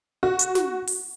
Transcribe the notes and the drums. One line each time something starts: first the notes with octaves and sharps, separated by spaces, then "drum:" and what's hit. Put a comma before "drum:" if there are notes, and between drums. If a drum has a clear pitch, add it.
F#4
drum: hi-hat
drum: snare
drum: open hi-hat